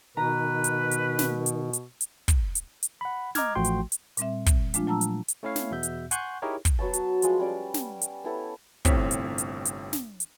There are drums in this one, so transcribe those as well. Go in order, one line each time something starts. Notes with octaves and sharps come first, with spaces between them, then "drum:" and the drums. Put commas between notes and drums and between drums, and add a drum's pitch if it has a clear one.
B2 D#3 B4 A#5
drum: hi-hat
drum: hi-hat
drum: snare
drum: hi-hat
drum: hi-hat
drum: hi-hat
drum: kick, hi-hat
drum: hi-hat
drum: hi-hat
F#5 B5
D#5 A#5 D6 F6 G#6, drum: snare
A1 F3 A3 F#4 G5 C6
drum: hi-hat
drum: hi-hat
A#2 G3 C4 E5, drum: hi-hat
drum: kick, hi-hat
F3 G#3 A3 D4 F4, drum: hi-hat
A#2 F#3 A5 A#5 E6
drum: hi-hat
drum: hi-hat
A3 C#4 E4 C#5 F5
drum: snare
E2 B2 B3 E5 G6
drum: hi-hat
F#5 G#5 C6 C#6 F#6 G6, drum: hi-hat
D#4 E4 G4 G#4 A#4 C#5
drum: kick, hi-hat
F#3 B3 C#5 A5
F#4, drum: hi-hat
F3 G#3, drum: hi-hat
G3 C#4 D5
drum: snare
drum: hi-hat
B3 E4 A4 C#5
G1 A2 C3 C4 C#5 B6, drum: kick, hi-hat
drum: hi-hat
drum: hi-hat
drum: hi-hat
drum: snare
drum: hi-hat